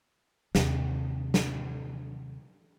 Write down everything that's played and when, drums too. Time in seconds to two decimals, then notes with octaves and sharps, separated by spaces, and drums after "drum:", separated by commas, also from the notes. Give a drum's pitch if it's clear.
0.55 D#2 C3, drum: snare
1.34 drum: snare